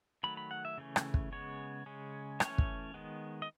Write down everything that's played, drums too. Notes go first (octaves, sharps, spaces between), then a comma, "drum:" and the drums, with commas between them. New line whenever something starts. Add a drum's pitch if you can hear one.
D#3 F#3 A3 B5
B5
F#5
E5
C#3 E3 A3 C#4
drum: rim click
drum: kick
C#3 G#3 B3 C#5
C#3 G#3 C#4
E3 A3 C#4 C#5, drum: rim click
drum: kick
D#3 G#3 B3
D#5